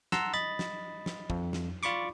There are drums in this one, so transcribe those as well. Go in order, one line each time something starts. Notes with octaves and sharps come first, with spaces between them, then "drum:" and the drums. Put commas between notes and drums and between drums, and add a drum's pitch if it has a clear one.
F#5 A5 A#5 C6 E6, drum: snare
D#5 B5 A6
drum: snare
drum: snare
F2, drum: kick
drum: snare
F4 D5 B5 C#6 D6